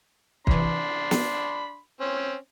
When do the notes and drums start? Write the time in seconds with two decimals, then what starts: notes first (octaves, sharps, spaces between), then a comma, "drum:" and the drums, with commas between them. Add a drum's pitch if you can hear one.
0.47 C3 E3 D4 B5 C6, drum: kick
1.11 drum: snare
2.01 C4 C#4